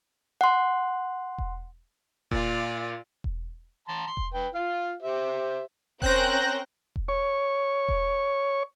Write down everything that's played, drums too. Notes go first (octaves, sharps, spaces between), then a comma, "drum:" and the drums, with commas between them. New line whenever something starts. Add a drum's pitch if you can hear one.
F#5 C6
drum: kick E1
A#2 F4 D5, drum: kick E1
drum: kick E1
A5 A#5 C6
C6
drum: kick E1
B4 G5
F4 F5
G4 C5 E5
C4 C#4 A#4 F#6 G6 A#6, drum: kick E1
drum: kick E1
C#5 C#6
drum: kick E1